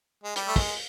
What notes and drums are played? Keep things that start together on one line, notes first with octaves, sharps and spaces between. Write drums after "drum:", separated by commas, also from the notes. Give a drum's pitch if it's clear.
G#3
G3, drum: hi-hat
A3
G#3, drum: kick, open hi-hat